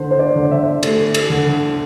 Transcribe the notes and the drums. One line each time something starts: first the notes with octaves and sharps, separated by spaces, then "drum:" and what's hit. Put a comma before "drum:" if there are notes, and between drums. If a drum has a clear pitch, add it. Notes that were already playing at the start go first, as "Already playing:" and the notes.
Already playing: D3 C5
C5
D5
D3
E5
A3, drum: cymbal
drum: cymbal
D3